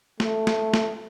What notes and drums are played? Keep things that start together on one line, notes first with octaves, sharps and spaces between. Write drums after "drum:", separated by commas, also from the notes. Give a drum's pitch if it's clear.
A3, drum: snare
drum: snare
drum: snare